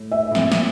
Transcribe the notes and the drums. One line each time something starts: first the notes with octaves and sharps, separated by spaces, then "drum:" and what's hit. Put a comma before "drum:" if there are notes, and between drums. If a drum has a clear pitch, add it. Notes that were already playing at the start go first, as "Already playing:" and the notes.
Already playing: A2
E5
A2
A#2 C4, drum: snare
drum: snare